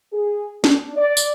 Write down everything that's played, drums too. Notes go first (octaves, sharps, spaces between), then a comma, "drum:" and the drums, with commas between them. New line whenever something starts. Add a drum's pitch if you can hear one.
G#4
D4, drum: snare
D5
drum: tambourine